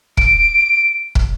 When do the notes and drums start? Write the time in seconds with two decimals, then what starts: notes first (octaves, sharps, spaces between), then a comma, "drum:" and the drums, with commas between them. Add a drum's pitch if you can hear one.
0.17 D7, drum: kick
1.15 drum: kick